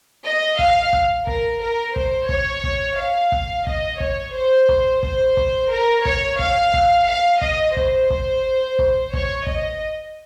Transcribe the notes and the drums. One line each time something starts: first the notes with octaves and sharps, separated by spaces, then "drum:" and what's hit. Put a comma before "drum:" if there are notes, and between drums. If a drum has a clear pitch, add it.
D#5
F5, drum: kick
drum: kick
A#4, drum: kick
A#4
C5, drum: kick
C#5, drum: kick
drum: kick
F5
drum: kick
D#5, drum: kick
C#5, drum: kick
C5
drum: kick
C5, drum: kick
drum: kick
A#4
C#5, drum: kick
F5, drum: kick
drum: kick
F5
D#5, drum: kick
C5, drum: kick
drum: kick
drum: kick
C#5, drum: kick
D#5, drum: kick